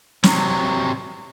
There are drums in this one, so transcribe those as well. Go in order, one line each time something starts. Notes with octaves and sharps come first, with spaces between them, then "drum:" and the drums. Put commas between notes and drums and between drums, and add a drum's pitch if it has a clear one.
C3 F#3, drum: snare